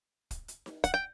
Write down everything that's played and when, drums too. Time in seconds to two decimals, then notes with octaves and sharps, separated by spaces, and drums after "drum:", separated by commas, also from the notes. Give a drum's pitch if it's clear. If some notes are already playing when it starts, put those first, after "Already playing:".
0.31 drum: kick, hi-hat
0.48 drum: hi-hat
0.66 drum: snare D#4
0.84 F#5, drum: kick, hi-hat
0.94 G5